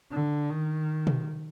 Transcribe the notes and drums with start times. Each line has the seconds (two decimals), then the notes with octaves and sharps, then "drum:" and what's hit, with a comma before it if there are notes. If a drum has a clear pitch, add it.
0.11 D3
0.50 D#3
1.07 drum: tom B2